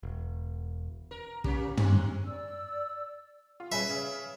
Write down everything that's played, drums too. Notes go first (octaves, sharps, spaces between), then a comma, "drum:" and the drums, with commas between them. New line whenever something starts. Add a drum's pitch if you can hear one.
E1
A#4
A#3 C#4 G4, drum: kick
G#2 G#3 C4, drum: tom
D5 E6
F4
C#4 G#4 B4 E5
C#3